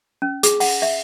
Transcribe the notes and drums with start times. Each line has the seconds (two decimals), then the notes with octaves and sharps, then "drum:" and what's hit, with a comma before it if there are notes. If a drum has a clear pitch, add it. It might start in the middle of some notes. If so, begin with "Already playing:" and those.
0.22 C#4
0.43 G#4, drum: hi-hat
0.60 F#5, drum: open hi-hat
0.82 E5